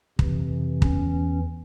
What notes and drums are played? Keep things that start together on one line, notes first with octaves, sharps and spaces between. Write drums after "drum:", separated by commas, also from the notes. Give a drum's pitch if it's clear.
F2 C3 E3, drum: kick
E2 E3 C#4, drum: kick